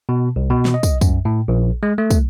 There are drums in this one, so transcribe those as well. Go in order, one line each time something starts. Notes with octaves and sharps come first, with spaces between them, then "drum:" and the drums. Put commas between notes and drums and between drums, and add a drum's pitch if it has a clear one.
B2
C2
B2
drum: snare
D#5
drum: kick, tambourine
F#2, drum: kick, tambourine
A2
A#1
G#3
A3
drum: kick, tambourine